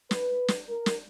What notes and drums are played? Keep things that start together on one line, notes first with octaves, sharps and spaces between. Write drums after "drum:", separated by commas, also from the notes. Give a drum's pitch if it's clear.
B4, drum: snare
drum: snare
A#4
drum: snare